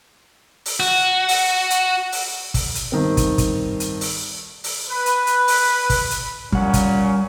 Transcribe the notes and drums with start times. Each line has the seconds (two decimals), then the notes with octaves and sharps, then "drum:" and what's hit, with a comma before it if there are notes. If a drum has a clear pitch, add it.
0.66 drum: open hi-hat
0.80 F#4
1.28 drum: open hi-hat
1.70 drum: hi-hat
2.12 drum: open hi-hat
2.54 drum: kick, open hi-hat
2.75 drum: hi-hat
2.92 G2 D#3 C4
3.17 drum: kick, hi-hat
3.38 drum: kick, hi-hat
3.80 drum: hi-hat
4.01 drum: open hi-hat
4.64 drum: open hi-hat
4.89 B4
5.06 drum: hi-hat
5.27 drum: hi-hat
5.48 drum: open hi-hat
5.90 drum: kick, open hi-hat
6.11 drum: hi-hat
6.52 A#2 G3 C#4 F#5, drum: kick
6.73 drum: kick, hi-hat